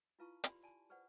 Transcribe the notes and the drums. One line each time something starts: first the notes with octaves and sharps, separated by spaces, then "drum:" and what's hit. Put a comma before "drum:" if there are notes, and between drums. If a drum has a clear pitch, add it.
E4 F4 B4 F5 A5 C#6
G4 D5 B5 C6, drum: hi-hat
D5 G#5 A5
G#4 B4 C5 D5 F#5